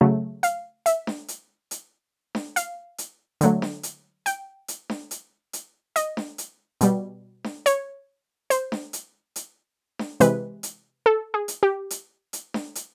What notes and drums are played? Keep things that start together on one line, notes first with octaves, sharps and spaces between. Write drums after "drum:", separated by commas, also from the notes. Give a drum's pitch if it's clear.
C#3 F#3 A3
F5, drum: hi-hat
E5, drum: hi-hat
drum: snare D4
drum: hi-hat
drum: hi-hat
drum: snare D4
F5, drum: hi-hat
drum: hi-hat
D3 F#3 A3, drum: hi-hat
drum: snare D4
drum: hi-hat
G5, drum: hi-hat
drum: hi-hat
drum: snare D4
drum: hi-hat
drum: hi-hat
D#5, drum: hi-hat
drum: snare D4
drum: hi-hat
B2 G3, drum: hi-hat
drum: snare D4
C#5, drum: hi-hat
C5, drum: hi-hat
drum: snare D4
drum: hi-hat
drum: hi-hat
drum: snare D4
C3 E3 G#3 B4, drum: hi-hat
drum: hi-hat
A4
G#4
drum: hi-hat
G4
drum: hi-hat
drum: hi-hat
drum: snare D4
drum: hi-hat